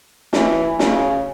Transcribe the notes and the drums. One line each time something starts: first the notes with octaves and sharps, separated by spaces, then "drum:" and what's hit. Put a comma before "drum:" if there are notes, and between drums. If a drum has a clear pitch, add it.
E3, drum: snare
C#3, drum: snare